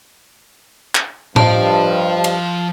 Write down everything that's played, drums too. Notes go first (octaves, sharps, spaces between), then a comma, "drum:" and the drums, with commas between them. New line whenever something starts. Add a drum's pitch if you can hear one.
drum: clap
G2 F3 C5 D#5 F5 A5, drum: tom A2
drum: cymbal